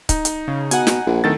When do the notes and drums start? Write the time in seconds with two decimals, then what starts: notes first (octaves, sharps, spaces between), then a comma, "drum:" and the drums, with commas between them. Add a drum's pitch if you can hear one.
0.09 D#4, drum: kick C#1, hi-hat
0.25 drum: hi-hat
0.48 C#3
0.71 B2 F#5 G#5, drum: hi-hat
0.87 drum: snare
1.06 A#1
1.24 D1 D#3 A4 A6